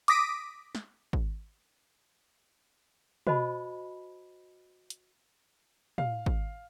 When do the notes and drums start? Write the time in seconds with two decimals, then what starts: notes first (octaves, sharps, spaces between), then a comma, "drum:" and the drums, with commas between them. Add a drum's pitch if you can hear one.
0.08 D6 D#6 A#6 B6 D7 D#7, drum: hi-hat
0.75 drum: snare
1.13 drum: kick G#1
3.27 F#4 C5 D#5 A5 B5, drum: tom
4.90 drum: hi-hat
5.98 F5, drum: tom
6.26 drum: kick G#1